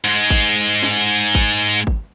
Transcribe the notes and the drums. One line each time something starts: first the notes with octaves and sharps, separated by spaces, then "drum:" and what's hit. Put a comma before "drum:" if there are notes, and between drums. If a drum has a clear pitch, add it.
G#2 G#3
drum: kick G#1
drum: snare
drum: kick G#1
drum: kick G#1